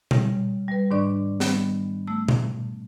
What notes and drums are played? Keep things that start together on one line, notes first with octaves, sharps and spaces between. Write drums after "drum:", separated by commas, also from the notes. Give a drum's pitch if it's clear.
C#3 G3, drum: tom A#2
G3 B4
G#2 D#3 D4 D5 C#6
D#3 G3 B3, drum: snare
A3 E6
drum: tom A#2